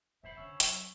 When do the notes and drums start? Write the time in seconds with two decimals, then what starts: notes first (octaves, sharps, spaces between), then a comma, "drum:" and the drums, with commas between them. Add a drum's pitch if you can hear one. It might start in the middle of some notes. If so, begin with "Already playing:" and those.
0.23 F2 G#2 B3 C5 E5 B5
0.37 D3 C#4 E6
0.60 F#3, drum: hi-hat